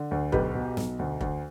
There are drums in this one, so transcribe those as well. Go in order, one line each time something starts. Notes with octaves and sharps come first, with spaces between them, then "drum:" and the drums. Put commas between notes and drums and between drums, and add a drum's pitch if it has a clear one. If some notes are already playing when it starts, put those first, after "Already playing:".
Already playing: D3
D2
B1 G4 B4, drum: kick F1
B2
B1, drum: snare
D2
D2, drum: kick F1